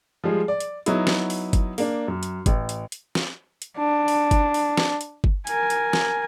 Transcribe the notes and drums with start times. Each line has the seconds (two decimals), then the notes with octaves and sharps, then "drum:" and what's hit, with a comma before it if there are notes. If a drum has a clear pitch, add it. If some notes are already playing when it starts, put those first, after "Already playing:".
0.24 F3 G3 G#3 G#4
0.48 D5
0.60 drum: hi-hat
0.86 F#3 B3 D#4 E4, drum: hi-hat
1.07 drum: snare
1.30 drum: open hi-hat
1.53 drum: kick G1, hi-hat
1.78 A#3 D4, drum: open hi-hat
2.08 F#2
2.23 drum: hi-hat
2.46 A1, drum: kick G1, hi-hat
2.69 drum: hi-hat
2.92 drum: hi-hat
3.15 drum: snare
3.62 drum: hi-hat
3.78 D4
4.08 drum: open hi-hat
4.31 drum: kick G1, hi-hat
4.54 drum: open hi-hat
4.77 drum: snare
5.01 drum: hi-hat
5.24 drum: kick G1
5.47 A#4 G#5, drum: hi-hat
5.70 drum: hi-hat
5.93 drum: snare